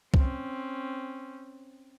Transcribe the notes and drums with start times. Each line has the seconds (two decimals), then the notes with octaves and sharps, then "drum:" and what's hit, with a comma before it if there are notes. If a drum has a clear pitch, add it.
0.14 C4 C#4, drum: kick C2